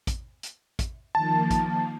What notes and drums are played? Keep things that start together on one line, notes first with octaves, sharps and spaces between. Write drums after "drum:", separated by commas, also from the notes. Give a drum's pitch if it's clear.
drum: kick, hi-hat
drum: hi-hat
drum: kick, hi-hat
D#3 F3 A#3 A5
drum: kick, hi-hat